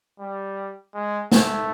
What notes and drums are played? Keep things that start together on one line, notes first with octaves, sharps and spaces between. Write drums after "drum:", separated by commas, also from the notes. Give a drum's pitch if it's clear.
G3
G#3
A3, drum: snare